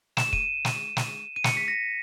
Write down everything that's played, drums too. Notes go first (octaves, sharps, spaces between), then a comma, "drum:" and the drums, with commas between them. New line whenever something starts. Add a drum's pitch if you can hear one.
E7, drum: snare
D#7, drum: kick
drum: snare
drum: snare
D#7
C#7, drum: snare
B6
A#6